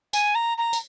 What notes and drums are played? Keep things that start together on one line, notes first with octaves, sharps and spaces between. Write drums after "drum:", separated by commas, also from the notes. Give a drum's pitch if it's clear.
G#5, drum: tambourine
A#5
A#5
drum: tambourine